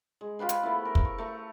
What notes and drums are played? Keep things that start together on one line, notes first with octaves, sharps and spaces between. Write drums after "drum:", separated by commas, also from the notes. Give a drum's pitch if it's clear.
G#3
F4 G4 B4 C5
drum: hi-hat
A3 B3 E4
A#4
drum: kick
C#6
A3 A#5 C#6